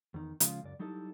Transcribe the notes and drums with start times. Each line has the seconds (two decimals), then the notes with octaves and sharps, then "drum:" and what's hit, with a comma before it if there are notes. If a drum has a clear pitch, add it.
0.14 E2 D#3
0.40 C#3 F3 G#3 C#4 F4, drum: hi-hat
0.62 C#2 F#2 D5
0.79 F#3 G3 D#4 E4 A4